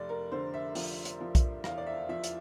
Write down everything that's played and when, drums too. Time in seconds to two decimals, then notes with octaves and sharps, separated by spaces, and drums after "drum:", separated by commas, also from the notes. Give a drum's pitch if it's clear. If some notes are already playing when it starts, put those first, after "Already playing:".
Already playing: F1 D5
0.09 A#4
0.32 D3 C5
0.54 E5
0.75 F3, drum: open hi-hat
1.05 drum: hi-hat
1.21 F3
1.35 drum: kick B1, hi-hat
1.64 E2 F5, drum: rim click
1.78 D5
1.87 E5
2.09 F3 E5
2.24 drum: hi-hat